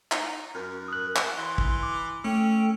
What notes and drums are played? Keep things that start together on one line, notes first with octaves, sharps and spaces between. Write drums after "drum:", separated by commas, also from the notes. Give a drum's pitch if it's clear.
D#4, drum: clap
F#2 A#4
D#6 F#6
drum: clap
E3 C6
drum: kick
D6
A3 C#4 A4 G5